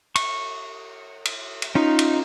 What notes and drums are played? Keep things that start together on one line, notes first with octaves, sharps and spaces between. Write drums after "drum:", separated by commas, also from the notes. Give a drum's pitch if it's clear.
C#6, drum: cymbal
drum: cymbal
drum: cymbal
C#4 D#4 F4
drum: cymbal